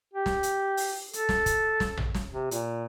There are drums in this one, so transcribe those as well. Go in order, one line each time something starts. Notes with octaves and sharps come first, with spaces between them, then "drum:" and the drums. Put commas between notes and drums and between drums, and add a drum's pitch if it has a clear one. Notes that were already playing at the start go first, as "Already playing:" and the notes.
G4
drum: snare
drum: hi-hat
drum: open hi-hat
A4, drum: hi-hat
drum: snare
drum: kick, hi-hat
drum: snare
drum: tom A1
drum: snare
C3
A#2, drum: hi-hat